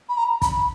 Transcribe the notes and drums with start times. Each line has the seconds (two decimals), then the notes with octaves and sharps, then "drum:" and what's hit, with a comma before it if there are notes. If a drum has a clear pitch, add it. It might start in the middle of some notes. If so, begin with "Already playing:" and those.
0.09 B5
0.17 A#5
0.42 B5, drum: kick, hi-hat